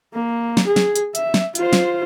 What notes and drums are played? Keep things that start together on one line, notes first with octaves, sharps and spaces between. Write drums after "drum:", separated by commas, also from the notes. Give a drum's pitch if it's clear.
A#3
drum: snare
G#4
drum: snare
drum: hi-hat
E5, drum: hi-hat
drum: snare
F4 C5, drum: hi-hat
drum: snare